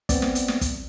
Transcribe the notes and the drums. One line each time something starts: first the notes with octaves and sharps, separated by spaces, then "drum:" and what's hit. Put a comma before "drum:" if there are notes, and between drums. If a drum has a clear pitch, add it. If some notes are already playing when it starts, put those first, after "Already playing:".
B3 C4 D5, drum: kick, hi-hat
drum: snare
drum: hi-hat
drum: snare
drum: kick, hi-hat